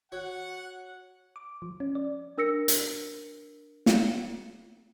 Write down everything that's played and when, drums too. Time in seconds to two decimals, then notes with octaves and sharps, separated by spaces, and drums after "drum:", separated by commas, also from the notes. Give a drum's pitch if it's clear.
0.12 F#4 C#5 F#5
1.36 D6
1.62 F3
1.80 C#4
1.95 D5
2.38 D4 A#4 E6 A#6 C#7
2.68 drum: hi-hat
3.86 drum: snare